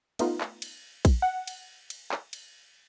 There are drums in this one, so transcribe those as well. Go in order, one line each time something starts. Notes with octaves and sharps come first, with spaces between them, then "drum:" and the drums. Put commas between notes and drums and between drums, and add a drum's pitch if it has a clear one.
A3 B3 D#4 F4, drum: cymbal
drum: clap
drum: cymbal
drum: kick A#1, cymbal
F#5
drum: cymbal
drum: cymbal
drum: clap
drum: cymbal